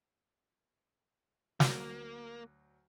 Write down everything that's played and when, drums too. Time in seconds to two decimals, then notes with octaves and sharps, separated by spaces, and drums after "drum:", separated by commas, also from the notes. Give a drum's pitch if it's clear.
1.60 D2 F#3 A#3, drum: snare